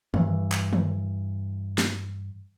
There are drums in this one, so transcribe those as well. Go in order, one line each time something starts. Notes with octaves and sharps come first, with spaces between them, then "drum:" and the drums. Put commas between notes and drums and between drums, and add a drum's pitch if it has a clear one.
G2 E3, drum: tom
drum: clap
drum: tom
drum: snare